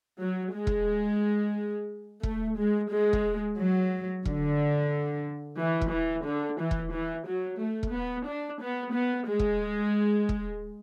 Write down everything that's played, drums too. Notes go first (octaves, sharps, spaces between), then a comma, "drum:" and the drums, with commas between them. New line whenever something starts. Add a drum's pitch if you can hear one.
F#3
G#3
drum: kick E1
A3, drum: kick E1
G#3
G#3
drum: kick E1
F#3
D3, drum: kick E1
E3
drum: kick E1
E3
D3
E3
drum: kick E1
E3
F#3
A3
drum: kick E1
B3
D4
B3
B3
G#3
drum: kick E1
drum: kick E1